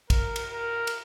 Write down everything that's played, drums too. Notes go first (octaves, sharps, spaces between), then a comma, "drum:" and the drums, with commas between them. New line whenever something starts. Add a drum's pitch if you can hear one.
A#4, drum: kick, cymbal
drum: cymbal
A#4
drum: cymbal